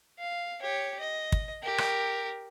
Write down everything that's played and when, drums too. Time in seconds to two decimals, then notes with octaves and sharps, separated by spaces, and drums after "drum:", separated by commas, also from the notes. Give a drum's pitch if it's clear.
0.19 F5
0.62 G4 C#5
1.00 D#5
1.32 drum: kick
1.63 G4 A#4
1.78 drum: rim click